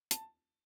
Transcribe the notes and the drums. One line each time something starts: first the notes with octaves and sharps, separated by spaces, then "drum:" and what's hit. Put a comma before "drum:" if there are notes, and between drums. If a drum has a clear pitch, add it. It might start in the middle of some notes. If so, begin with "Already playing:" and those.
A5, drum: hi-hat